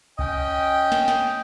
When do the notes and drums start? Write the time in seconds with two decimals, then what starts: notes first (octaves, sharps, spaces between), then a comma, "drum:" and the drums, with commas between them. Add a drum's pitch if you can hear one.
0.19 C#4 D#5 G5, drum: kick C2
0.92 drum: snare
1.08 drum: snare